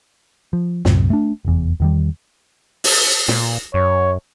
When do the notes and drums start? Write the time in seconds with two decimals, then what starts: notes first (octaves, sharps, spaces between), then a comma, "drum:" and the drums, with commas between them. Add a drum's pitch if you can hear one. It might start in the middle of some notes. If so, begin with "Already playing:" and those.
0.53 F3
0.85 C2 F#2 A2 C3, drum: snare
1.10 A3 D4
1.45 F1 E2
1.80 E2 D#3 G3
2.84 drum: open hi-hat
3.28 A#2, drum: snare
3.74 F#2 C#5